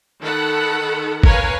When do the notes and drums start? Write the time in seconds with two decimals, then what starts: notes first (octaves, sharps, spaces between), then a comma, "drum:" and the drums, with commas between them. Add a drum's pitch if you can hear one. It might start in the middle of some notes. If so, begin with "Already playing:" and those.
0.22 D#3 A4 F#5 B5
1.23 A#4 B4 C#5 F5 G#5, drum: kick